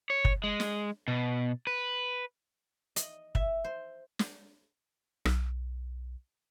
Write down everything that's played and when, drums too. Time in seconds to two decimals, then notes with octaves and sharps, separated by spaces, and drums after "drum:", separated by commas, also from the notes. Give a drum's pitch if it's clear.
0.10 C#5
0.25 drum: kick
0.44 G#3
0.60 drum: snare
1.08 B2
1.67 B4
2.96 D#5, drum: hi-hat
3.35 E5, drum: kick
3.64 C5
4.19 drum: snare
5.25 B1, drum: rim click